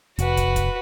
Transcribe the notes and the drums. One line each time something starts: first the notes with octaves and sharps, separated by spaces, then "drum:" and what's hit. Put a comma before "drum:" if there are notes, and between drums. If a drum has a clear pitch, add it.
F1 F#4 B4, drum: hi-hat
drum: kick, hi-hat
drum: kick, hi-hat